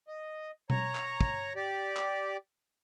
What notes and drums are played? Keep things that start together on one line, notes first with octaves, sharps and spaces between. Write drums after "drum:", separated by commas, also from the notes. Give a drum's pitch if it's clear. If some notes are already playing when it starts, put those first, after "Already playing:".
D#5
C#5 A#5, drum: tom B2
drum: clap
drum: kick
G4 D5
drum: clap